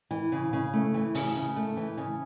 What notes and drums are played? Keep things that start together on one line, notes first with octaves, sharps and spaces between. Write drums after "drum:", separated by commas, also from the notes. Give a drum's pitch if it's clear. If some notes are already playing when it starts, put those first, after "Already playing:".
E3
C#3
C#3
A3
E3
C#3, drum: open hi-hat
C#3
A3
E3
C#3